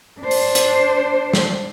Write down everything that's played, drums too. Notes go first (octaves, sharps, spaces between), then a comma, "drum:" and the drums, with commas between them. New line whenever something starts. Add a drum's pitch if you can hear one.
D4 C5
drum: open hi-hat
drum: hi-hat
drum: snare